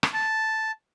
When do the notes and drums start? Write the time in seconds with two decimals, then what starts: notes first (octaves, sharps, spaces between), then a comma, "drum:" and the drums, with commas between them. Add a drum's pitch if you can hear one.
0.03 drum: rim click
0.13 A5